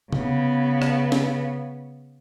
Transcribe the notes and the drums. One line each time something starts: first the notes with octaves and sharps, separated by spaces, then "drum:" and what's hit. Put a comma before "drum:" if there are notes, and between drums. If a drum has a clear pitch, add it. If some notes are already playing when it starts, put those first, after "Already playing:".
C#3 B3, drum: tom C3
drum: rim click
drum: snare